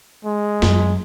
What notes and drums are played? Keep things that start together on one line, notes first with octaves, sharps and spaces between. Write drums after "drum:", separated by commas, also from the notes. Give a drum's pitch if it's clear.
G#3
F#2, drum: snare